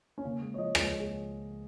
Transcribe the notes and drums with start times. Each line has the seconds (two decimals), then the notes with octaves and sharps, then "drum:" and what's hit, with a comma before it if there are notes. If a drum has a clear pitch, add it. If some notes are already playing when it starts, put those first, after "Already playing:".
0.18 C#4
0.25 C#3 A#3
0.42 G#3
0.54 C#5
0.58 F3 D#5
0.75 C#2 C#5, drum: rim click
0.92 G#3
1.00 G#4